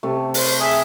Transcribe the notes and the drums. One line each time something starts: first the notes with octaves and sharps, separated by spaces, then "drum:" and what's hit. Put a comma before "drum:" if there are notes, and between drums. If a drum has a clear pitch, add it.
C3 A3
C5, drum: open hi-hat
G#4 E5